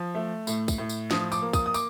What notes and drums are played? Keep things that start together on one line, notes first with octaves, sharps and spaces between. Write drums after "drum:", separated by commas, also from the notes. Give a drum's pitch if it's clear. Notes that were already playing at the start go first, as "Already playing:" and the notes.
Already playing: F3
A3
A2, drum: tambourine
drum: kick, tambourine
A2
drum: tambourine
F3 D#6, drum: snare
D6, drum: tambourine
A#3
D#6, drum: kick, tambourine
D#6
D6, drum: tambourine